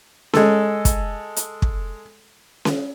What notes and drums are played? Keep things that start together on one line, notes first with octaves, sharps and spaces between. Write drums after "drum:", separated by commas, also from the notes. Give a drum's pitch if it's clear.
G#3 A4, drum: snare C#4
drum: kick, hi-hat
drum: hi-hat
drum: kick
drum: snare C#4